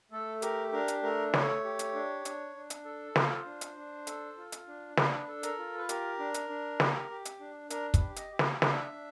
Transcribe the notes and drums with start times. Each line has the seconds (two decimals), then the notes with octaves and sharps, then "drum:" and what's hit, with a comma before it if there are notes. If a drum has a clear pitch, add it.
0.12 A3 A4
0.42 G4 A#4, drum: hi-hat
0.72 D4 A#4
0.88 drum: hi-hat
1.03 A3 A#4
1.34 A3 C#5, drum: snare
1.64 G4
1.79 drum: hi-hat
1.95 D4
2.25 D4, drum: hi-hat
2.55 D4
2.70 drum: hi-hat
2.85 A4
3.16 F4 C5, drum: snare
3.46 D4
3.61 drum: hi-hat
3.77 D4
4.07 A4, drum: hi-hat
4.38 F4
4.52 drum: hi-hat
4.68 D4
4.97 D4 B4, drum: snare
5.28 A4
5.43 A#4, drum: hi-hat
5.59 F4
5.78 B4
5.89 G4 A#4, drum: hi-hat
6.19 D4
6.34 drum: hi-hat
6.49 D4
6.80 G4, drum: snare
7.10 G4
7.25 drum: hi-hat
7.40 D4
7.70 D4 A#4, drum: hi-hat
7.94 B4, drum: kick, hi-hat
8.01 G4
8.16 D#5, drum: hi-hat
8.32 G4
8.39 E5, drum: snare
8.62 D4 E5, drum: snare
8.92 D4